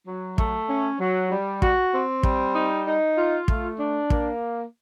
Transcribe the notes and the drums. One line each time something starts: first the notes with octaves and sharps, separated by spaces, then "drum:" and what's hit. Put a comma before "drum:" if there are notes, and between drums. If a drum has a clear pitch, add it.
F#3
A3, drum: kick
C#4
F#3
G3
F#4, drum: kick
C4
G3, drum: kick
D#4
D#4
F4
A3, drum: kick
D4
A#3, drum: kick